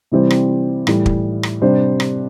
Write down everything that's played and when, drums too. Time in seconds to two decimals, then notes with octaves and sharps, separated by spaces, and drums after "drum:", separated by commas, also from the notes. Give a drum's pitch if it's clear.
0.12 C3 E3 G3 C4
0.30 drum: rim click
0.87 A2 E3 G3, drum: rim click
1.06 drum: kick
1.43 drum: rim click
1.62 C3 G3 D4 C5
2.00 drum: rim click